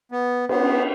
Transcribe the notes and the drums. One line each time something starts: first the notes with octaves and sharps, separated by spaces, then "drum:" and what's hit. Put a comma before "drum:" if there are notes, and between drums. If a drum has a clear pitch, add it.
B3
B3, drum: cymbal